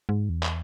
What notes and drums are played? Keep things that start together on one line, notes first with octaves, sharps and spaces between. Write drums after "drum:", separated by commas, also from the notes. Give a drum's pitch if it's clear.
G#2
E2
drum: clap